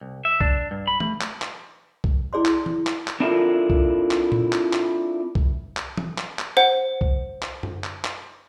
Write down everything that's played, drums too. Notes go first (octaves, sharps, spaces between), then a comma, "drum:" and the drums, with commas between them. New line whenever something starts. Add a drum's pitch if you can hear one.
C2
E5
D4, drum: kick C2
G2
B5
A3, drum: tom
drum: clap
drum: clap
drum: kick C2
E4 G#4 D5 C6
drum: clap
drum: tom
drum: clap
drum: clap
C4 D4 E4 F4 A4 A#4
drum: kick C2
drum: clap
drum: tom A#2
drum: clap
drum: clap
drum: kick C2
drum: clap
drum: tom
drum: clap
drum: clap
C5 F#5
drum: kick C2
drum: clap
drum: tom F#2
drum: clap
drum: clap